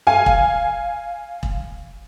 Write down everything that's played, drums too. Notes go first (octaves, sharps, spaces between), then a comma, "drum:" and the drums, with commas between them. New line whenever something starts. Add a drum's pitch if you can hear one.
F5 G#5
drum: kick E1
drum: kick E1